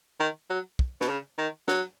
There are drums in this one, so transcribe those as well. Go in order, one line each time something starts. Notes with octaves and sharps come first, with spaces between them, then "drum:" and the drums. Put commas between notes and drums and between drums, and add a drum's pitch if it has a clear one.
D#3
F#3
drum: kick
B2, drum: snare
C#3
D#3
F#3, drum: snare